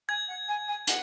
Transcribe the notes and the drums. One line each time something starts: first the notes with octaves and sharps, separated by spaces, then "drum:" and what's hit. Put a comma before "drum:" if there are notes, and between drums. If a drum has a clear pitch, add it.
G#5 G#6
F#5
G#5
G#5
F#5, drum: hi-hat